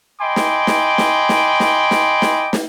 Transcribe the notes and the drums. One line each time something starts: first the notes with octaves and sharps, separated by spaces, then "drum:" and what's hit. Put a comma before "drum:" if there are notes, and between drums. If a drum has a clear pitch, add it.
D#5 G5 G#5 B5 C6 D6
drum: snare
drum: snare
drum: snare
drum: snare
drum: snare
drum: snare
drum: snare
drum: snare